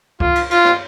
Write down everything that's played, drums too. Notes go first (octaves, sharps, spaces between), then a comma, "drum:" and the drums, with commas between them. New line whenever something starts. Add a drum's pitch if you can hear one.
F4, drum: kick C#2
drum: cymbal
F4, drum: cymbal
drum: rim click